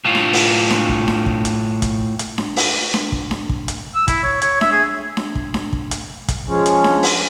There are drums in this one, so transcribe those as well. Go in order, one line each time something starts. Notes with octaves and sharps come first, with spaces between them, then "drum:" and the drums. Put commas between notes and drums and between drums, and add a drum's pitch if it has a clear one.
A2 F4
drum: snare D4
drum: open hi-hat
drum: snare D4
drum: kick
drum: snare D4
drum: kick
drum: hi-hat
drum: kick, hi-hat
drum: hi-hat
drum: snare D4
drum: open hi-hat
drum: snare D4
drum: kick
drum: snare D4
drum: kick
drum: hi-hat
E6
E4, drum: kick, hi-hat
C#5
C#5, drum: hi-hat
E5, drum: snare D4
G#4
drum: snare D4
drum: kick
drum: snare D4
drum: kick
drum: hi-hat
drum: kick, hi-hat
F3 G#3 C#4
drum: hi-hat
drum: snare D4
drum: open hi-hat